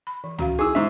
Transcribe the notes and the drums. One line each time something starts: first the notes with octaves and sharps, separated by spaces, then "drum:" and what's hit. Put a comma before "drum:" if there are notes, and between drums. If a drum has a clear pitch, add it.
B5
E3
C#4 F#4 F5, drum: tom
D#4 E4 G#4 E6
G#2 E5